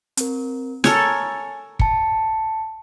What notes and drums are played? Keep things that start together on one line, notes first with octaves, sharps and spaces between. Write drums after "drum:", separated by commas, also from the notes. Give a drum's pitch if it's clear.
C4 A#4, drum: hi-hat
A4 A#4 C#5 G#5, drum: snare
A5 C#7, drum: kick